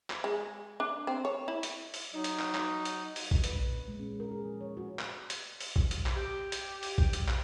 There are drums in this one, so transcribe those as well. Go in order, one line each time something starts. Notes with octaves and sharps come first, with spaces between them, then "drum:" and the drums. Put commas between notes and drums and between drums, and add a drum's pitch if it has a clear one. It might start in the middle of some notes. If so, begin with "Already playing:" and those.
drum: clap
G#3
D4
C4
C#5
E4
drum: hi-hat
drum: open hi-hat
F#3 D#4
drum: hi-hat
drum: clap
drum: clap
drum: hi-hat
drum: open hi-hat
drum: kick A#1
B4, drum: hi-hat
D4
A#2
G#3
C#4
A#4
G#4
F3
C#5
F#4
drum: clap
drum: hi-hat
drum: open hi-hat
drum: kick A#1
drum: hi-hat
drum: clap
G4
drum: hi-hat
drum: open hi-hat
drum: kick A#1
drum: hi-hat
drum: clap